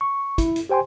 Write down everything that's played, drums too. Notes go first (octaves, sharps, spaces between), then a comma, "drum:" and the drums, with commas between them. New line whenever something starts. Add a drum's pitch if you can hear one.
C#6
E4, drum: kick, hi-hat
drum: hi-hat
G4 C5 G5 G#5 C6